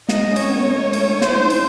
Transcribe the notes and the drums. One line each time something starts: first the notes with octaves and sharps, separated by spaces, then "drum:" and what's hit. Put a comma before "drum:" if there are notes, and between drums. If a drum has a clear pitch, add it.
G#3 D#5, drum: snare
C#4
C4 C#5, drum: cymbal
B3
A#3
A3
G#3
A3, drum: cymbal
D4
C5, drum: snare
E4
D#4
C#4, drum: cymbal